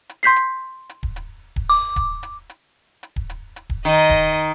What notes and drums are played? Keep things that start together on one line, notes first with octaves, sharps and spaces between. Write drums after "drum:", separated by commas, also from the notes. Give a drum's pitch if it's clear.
drum: hi-hat
C6 G6 B6 C7
drum: hi-hat
drum: hi-hat
drum: kick D1
drum: hi-hat
drum: kick D1
D6, drum: open hi-hat
drum: kick D1, hi-hat
drum: hi-hat
drum: hi-hat
drum: hi-hat
drum: kick D1
drum: hi-hat
drum: hi-hat
drum: kick D1
D#3 D#5, drum: open hi-hat
drum: kick D1, hi-hat